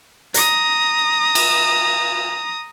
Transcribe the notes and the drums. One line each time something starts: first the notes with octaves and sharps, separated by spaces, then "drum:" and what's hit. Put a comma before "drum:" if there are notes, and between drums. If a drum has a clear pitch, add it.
A#5 D#6, drum: hi-hat
drum: cymbal